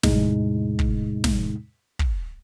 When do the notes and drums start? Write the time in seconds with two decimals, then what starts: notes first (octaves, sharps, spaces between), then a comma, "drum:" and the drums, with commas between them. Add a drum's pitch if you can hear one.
0.03 E2 A2 C3 G#3 D#4, drum: snare
0.79 drum: kick
1.24 drum: snare
1.99 drum: kick